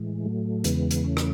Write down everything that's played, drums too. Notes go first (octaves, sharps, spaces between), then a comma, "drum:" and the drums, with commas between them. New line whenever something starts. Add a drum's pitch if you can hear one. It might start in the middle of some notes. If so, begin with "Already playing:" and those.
Already playing: A2 E3 G#3
F#3 A3
E2 C#3 E3 G#3 B3, drum: hi-hat
drum: hi-hat
A3 C#4
drum: rim click